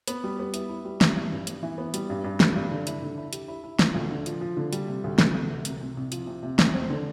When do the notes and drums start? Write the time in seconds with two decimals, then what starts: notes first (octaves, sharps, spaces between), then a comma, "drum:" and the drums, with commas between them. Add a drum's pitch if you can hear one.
0.08 B3, drum: hi-hat
0.24 G3
0.39 B3
0.54 E4, drum: hi-hat
0.69 E4
0.85 G3
1.01 E3, drum: snare
1.17 E3
1.32 G2
1.47 B3, drum: hi-hat
1.63 E3
1.78 B3
1.94 G3, drum: hi-hat
2.10 G2
2.24 G2
2.40 G3, drum: snare
2.56 G2
2.71 D3
2.87 E4, drum: hi-hat
3.02 D3
3.17 E4
3.33 G4, drum: hi-hat
3.48 E4
3.64 E4
3.79 F3, drum: snare
3.95 D2
4.11 D3
4.26 F3, drum: hi-hat
4.41 F3
4.57 D3
4.73 G3, drum: hi-hat
4.88 C3
5.04 D2
5.19 D2, drum: snare
5.34 D2
5.50 C3
5.65 C2, drum: hi-hat
5.81 C3
5.97 C2
6.12 F3, drum: hi-hat
6.27 C3
6.43 C3
6.59 E2, drum: snare
6.74 C4
6.90 D3